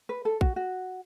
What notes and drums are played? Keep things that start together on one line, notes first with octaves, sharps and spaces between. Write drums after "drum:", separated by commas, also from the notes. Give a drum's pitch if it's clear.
B4
A4
F#4, drum: kick
F#4